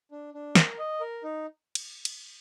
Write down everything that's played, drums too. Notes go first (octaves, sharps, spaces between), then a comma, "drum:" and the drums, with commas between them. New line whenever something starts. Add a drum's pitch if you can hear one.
D4
D4
A#4, drum: snare
D#5
A#4
D#4
drum: cymbal
drum: cymbal